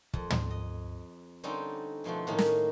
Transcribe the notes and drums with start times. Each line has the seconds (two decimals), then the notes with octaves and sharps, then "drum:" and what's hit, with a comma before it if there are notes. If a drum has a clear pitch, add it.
0.14 F2, drum: kick
0.30 drum: tom
0.51 D#5
1.44 D3 G3 C4 C#4 D#4
2.04 F2 B2 F3 A3
2.27 A2 D#3 A#3 C#4 D#4
2.38 drum: snare